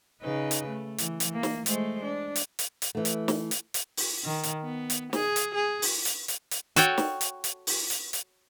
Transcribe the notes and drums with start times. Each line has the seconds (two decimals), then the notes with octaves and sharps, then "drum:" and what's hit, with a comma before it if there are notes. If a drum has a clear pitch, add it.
0.22 C#3 D#4 B4
0.51 drum: hi-hat
0.69 A3
0.98 E3, drum: hi-hat
1.20 drum: hi-hat
1.33 A#3
1.43 drum: snare
1.66 G#3 A3 C5, drum: hi-hat
2.04 D4
2.36 drum: hi-hat
2.59 drum: hi-hat
2.82 drum: hi-hat
2.95 E3 A3
3.05 drum: hi-hat
3.28 drum: snare
3.51 drum: hi-hat
3.74 drum: hi-hat
3.97 drum: open hi-hat
4.24 D#3
4.43 drum: hi-hat
4.63 B3
4.90 drum: hi-hat
5.13 G#4, drum: snare
5.36 drum: hi-hat
5.55 G#4
5.82 drum: open hi-hat
6.05 drum: hi-hat
6.28 drum: hi-hat
6.51 drum: hi-hat
6.76 F#4 A4 C#5 G5, drum: hi-hat
6.98 drum: snare
7.21 drum: hi-hat
7.44 drum: hi-hat
7.67 drum: open hi-hat
7.90 drum: hi-hat
8.13 drum: hi-hat